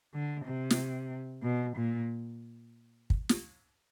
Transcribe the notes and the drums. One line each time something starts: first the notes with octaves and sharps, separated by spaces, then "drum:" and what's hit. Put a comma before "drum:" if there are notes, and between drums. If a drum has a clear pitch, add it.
D3
C3
drum: snare
B2
A#2
drum: kick
drum: snare